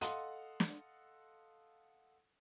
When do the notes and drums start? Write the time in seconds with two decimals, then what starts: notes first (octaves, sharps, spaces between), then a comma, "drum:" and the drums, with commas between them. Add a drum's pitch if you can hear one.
0.01 A4 D#5 F5 F#5 C6 D#6, drum: hi-hat
0.60 drum: snare